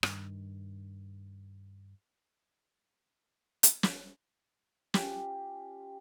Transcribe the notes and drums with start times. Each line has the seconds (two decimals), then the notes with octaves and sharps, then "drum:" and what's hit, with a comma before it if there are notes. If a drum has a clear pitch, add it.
0.03 G2 D#3, drum: rim click
3.63 drum: hi-hat
3.83 drum: snare
4.94 C#4 F4 G4, drum: snare